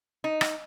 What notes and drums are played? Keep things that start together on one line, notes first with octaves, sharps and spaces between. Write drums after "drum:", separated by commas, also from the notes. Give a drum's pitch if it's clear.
D#4
drum: rim click